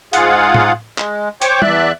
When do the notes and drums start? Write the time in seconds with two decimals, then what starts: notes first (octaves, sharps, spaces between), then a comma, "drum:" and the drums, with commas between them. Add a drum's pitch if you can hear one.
0.13 G#2 F4 G#4 F5 F#5, drum: hi-hat
0.54 drum: tom A2
0.98 G#3, drum: clap
1.42 C5 C#5 G5 C#6 D6, drum: hi-hat
1.62 E2 D5 E5 F#6, drum: tom G3